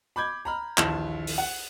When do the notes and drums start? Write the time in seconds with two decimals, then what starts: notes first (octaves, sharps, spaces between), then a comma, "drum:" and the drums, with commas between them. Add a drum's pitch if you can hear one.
0.16 B5 D6 G6 G#6
0.45 A#5 B5 F6
0.78 A#1 D#2 E3 A5 E7, drum: clap
1.27 drum: open hi-hat
1.38 F#5